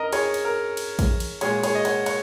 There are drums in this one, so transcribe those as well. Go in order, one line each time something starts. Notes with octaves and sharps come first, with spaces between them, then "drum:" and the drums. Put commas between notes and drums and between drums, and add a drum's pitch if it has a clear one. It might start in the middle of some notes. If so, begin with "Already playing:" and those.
Already playing: F#2 A#4 D#5
G#4 C#5, drum: cymbal
drum: cymbal
A#4
drum: cymbal
drum: kick A#1, cymbal
drum: cymbal
A#2 G#3 G#4 C#5, drum: cymbal
G#4 C#5, drum: cymbal
D#5
C#5 F#5, drum: cymbal
C#5 F#5, drum: cymbal